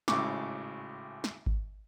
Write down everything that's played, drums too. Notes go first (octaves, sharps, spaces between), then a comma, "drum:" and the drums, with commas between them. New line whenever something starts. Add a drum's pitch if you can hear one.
G#1 A2 C#3 C#6 D6, drum: snare
drum: snare
drum: kick G#1